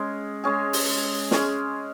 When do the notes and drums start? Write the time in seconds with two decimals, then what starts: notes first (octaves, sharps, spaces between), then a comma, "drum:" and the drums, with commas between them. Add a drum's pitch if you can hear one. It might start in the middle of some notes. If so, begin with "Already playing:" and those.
Already playing: G#3 C#4 G#4
0.44 G#3 C#4 G#4
0.73 drum: open hi-hat
1.31 G#3 C#4 G#4, drum: snare